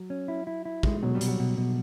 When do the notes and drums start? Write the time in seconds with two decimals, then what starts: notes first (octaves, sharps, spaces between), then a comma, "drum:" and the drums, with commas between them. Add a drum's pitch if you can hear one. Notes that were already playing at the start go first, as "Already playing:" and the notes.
Already playing: F#3
0.10 C#4
0.28 E4
0.47 E4
0.65 E4
0.83 G#3, drum: kick
1.03 B2 F#3
1.15 G3
1.21 B2, drum: hi-hat
1.28 F#3
1.39 B2
1.57 B2